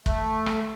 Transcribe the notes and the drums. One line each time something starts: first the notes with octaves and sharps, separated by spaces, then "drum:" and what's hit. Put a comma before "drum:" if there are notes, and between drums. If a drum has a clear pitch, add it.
A3, drum: kick
drum: rim click